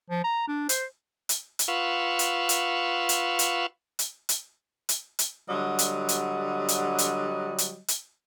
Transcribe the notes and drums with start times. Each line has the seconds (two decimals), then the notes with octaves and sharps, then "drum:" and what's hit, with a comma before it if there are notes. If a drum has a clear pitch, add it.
0.10 F3
0.24 A#5
0.48 D4
0.69 C5, drum: hi-hat
1.29 drum: hi-hat
1.59 drum: hi-hat
1.68 F4 B4 F5 F#5 C#6 E6
2.19 drum: hi-hat
2.49 drum: hi-hat
3.09 drum: hi-hat
3.39 drum: hi-hat
3.99 drum: hi-hat
4.29 drum: hi-hat
4.89 drum: hi-hat
5.19 drum: hi-hat
5.50 D3 F#3 G3 D#5
5.79 drum: hi-hat
6.09 drum: hi-hat
6.68 drum: hi-hat
6.98 drum: hi-hat
7.58 drum: hi-hat
7.88 drum: hi-hat